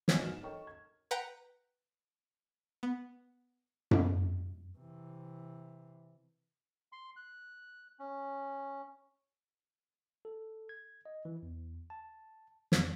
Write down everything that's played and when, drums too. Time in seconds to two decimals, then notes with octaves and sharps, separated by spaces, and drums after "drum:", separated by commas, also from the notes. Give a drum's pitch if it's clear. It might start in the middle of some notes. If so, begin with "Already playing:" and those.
0.08 D#3 F3 C#5 D#5 G#5 A6, drum: snare
0.21 G#2 F#3 A#4 B4 F6 E7
0.42 A4 A#4 C#5 D#5 G5 C#6
0.67 G#6
1.11 B4 F#5 G5 A#5
2.83 B3
3.91 drum: tom F#2
4.77 C3 E3
6.92 C6
7.16 F#6
7.99 C#4
10.25 A4
10.69 G#6
11.06 D#5
11.25 E3
11.43 E2
11.90 A5
12.72 F2, drum: snare